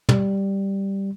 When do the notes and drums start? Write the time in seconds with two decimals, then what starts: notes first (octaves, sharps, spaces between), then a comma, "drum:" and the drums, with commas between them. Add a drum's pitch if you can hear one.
0.09 G3, drum: tom